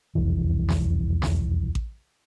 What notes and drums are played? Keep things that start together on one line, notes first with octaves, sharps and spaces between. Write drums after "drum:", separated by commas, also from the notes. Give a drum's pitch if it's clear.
E1 C2 F2 E3
drum: snare
drum: snare
drum: kick A1